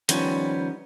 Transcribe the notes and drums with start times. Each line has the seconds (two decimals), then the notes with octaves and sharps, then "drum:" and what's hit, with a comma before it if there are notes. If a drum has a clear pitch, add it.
0.09 D#3 F3 G3 B3 C#4, drum: hi-hat